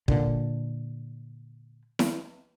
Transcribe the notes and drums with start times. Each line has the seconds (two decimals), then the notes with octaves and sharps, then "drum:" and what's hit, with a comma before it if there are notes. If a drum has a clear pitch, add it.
0.08 A#2 D3, drum: kick
1.99 drum: snare E4